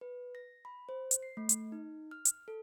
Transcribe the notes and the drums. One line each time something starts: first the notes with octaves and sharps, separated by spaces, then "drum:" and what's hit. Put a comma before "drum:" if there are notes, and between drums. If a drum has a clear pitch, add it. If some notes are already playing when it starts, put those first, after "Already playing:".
B4
A#6
B5
C5
drum: hi-hat
C7
A3
drum: hi-hat
D#4
F6
drum: hi-hat
A4